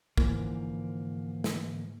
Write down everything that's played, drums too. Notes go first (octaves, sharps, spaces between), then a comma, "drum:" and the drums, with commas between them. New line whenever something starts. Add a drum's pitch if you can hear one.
G#2 D3 E3 F3 A#3, drum: kick
drum: snare